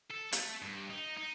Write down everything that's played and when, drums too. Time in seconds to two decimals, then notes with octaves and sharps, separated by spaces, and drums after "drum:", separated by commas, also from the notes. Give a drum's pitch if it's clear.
0.11 A4
0.33 A3, drum: hi-hat
0.62 G2
0.90 D#4
1.17 D#4